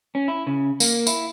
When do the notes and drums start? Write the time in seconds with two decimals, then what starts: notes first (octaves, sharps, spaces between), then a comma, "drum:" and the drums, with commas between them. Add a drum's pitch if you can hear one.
0.15 C#4
0.28 E4
0.47 C#3
0.80 A#3, drum: tambourine
1.07 E4, drum: tambourine